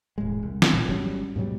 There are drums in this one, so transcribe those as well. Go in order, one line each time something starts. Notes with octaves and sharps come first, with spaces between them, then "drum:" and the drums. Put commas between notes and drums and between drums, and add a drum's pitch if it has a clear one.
E1 A2 G#3
C2
drum: snare
A1 A#2
G#1 F#3 G3 C#4
G#2 B2 F#3 G3